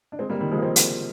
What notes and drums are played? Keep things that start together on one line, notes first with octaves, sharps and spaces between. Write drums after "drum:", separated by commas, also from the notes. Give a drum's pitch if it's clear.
D4
G#3 C4
G3 A#3
D#3 G3
F3 G#3
A#3
G#3 C4
drum: hi-hat